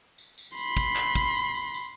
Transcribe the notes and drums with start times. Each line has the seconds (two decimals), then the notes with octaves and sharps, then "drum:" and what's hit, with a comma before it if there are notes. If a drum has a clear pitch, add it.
0.18 drum: tambourine
0.38 drum: tambourine
0.57 B5 C6, drum: tambourine
0.77 drum: kick, tambourine
0.96 drum: clap
1.15 drum: kick, tambourine
1.35 drum: tambourine
1.54 drum: tambourine
1.74 drum: tambourine